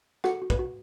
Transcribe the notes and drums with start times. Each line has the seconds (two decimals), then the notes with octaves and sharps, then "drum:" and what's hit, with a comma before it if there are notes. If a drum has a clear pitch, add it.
0.24 F#4 A4 F#5, drum: rim click
0.42 F#4
0.50 B4, drum: kick
0.59 F#4